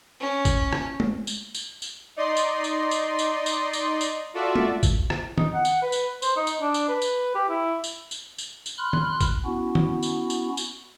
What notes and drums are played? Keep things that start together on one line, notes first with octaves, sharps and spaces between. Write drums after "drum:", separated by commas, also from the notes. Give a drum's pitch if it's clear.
C#4
drum: kick, tambourine
drum: rim click
drum: tom G#3
drum: tambourine
drum: tambourine
drum: tambourine
D#4 D5 D#5 C6 C7
drum: tambourine
drum: tambourine
drum: tambourine
drum: tambourine
drum: tambourine
drum: tambourine
drum: tambourine
F4 F#4 A4 D5 E5
drum: tom G#3
drum: kick, tambourine
drum: rim click
D#4, drum: tom
F#5
drum: tambourine
B4
drum: tambourine
C5, drum: tambourine
D#4
drum: tambourine
D4
drum: tambourine
B4
drum: tambourine
G4
E4
drum: tambourine
drum: tambourine
drum: tambourine
drum: tambourine
B5 C6 F6 F#6
drum: tom
drum: kick, tambourine
B3 C#4 E4 F#4
drum: tom
drum: tambourine
drum: tambourine
drum: tambourine